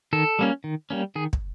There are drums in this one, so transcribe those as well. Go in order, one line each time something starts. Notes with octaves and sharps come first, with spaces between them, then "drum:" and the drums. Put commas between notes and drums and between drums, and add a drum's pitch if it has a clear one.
D#3 A4
G3 A#3 C#4
D#3
G3 A#3 C#4
D#3 G#4
drum: kick